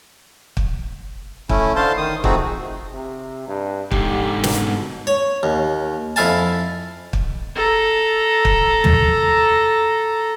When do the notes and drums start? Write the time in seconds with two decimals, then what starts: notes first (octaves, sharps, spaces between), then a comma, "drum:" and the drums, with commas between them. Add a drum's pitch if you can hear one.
0.57 drum: kick
1.49 A3 C#4 E4, drum: kick
1.76 D3 C5 F5 A5 C6
1.97 D#3 D#6
2.24 F3 A3 C4 D#4 F#4 G#4, drum: kick
2.94 C3
3.47 G2
3.91 G#2 D3 G4, drum: kick
4.44 B2, drum: snare
5.07 C#5
5.43 D#2
6.16 F2 E4 F5 G#5 A5
7.13 drum: kick
7.55 A4 A#5
8.45 drum: kick
8.84 drum: tom